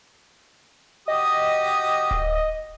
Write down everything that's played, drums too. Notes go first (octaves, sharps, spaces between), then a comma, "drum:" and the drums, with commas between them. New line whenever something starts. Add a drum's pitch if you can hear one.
F#4 G4 D#5 D#6
drum: kick D1